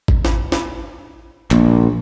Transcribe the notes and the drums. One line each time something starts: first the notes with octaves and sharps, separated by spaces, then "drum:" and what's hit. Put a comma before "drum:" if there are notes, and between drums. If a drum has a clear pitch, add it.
drum: kick G#1
drum: snare
drum: snare
A#1, drum: clap